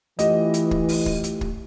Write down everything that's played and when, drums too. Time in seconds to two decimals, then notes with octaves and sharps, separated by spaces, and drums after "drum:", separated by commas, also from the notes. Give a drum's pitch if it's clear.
0.19 E3 A3 F4 G4 D#5, drum: hi-hat
0.54 drum: hi-hat
0.71 drum: kick
0.89 drum: open hi-hat
1.06 drum: kick
1.24 drum: hi-hat
1.41 drum: kick